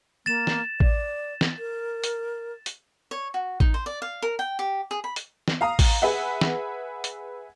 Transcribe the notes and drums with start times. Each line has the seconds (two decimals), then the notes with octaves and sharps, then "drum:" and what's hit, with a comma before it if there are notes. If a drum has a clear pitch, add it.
0.26 A#3 A6 E7
0.47 drum: snare
0.80 D5, drum: kick A1
1.41 drum: snare
1.59 A#4
2.04 drum: hi-hat
2.66 drum: hi-hat
3.11 C#5
3.34 F#4
3.60 D#4, drum: kick A1
3.74 C5
3.86 D5
4.02 F5
4.22 A#4
4.39 G5
4.59 G4
4.91 G#4
5.04 B5
5.16 drum: hi-hat
5.48 drum: snare
5.61 F5 A#5 D#6
5.79 drum: kick A1, open hi-hat
6.02 G#4 B4 E5 F#5
6.41 drum: snare
7.04 drum: hi-hat